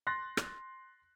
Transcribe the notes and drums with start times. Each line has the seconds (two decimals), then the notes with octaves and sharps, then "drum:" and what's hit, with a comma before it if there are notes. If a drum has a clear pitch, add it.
0.07 C6 F#6 A6 A#6
0.37 drum: rim click